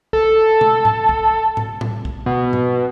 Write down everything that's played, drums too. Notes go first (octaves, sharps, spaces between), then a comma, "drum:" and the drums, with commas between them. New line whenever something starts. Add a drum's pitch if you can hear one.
A4, drum: kick
drum: tom B2
drum: tom G#2
drum: kick
drum: tom G#2
drum: tom A2
drum: kick
B2
drum: tom G#2